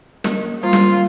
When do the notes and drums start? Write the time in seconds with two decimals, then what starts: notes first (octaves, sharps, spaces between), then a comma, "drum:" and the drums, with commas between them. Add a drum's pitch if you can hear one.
0.24 A#3 A#4, drum: snare
0.63 G3 F4
0.73 drum: snare